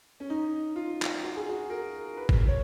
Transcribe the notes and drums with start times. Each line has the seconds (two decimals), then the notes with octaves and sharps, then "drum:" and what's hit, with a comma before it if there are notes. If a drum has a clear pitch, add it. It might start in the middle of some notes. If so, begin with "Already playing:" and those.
0.20 C#4
0.30 D#4
0.76 F4
1.02 drum: clap
1.23 F#4
1.36 G#4
1.49 F#4
1.70 A#4
2.17 B4
2.29 drum: kick G1
2.48 C#5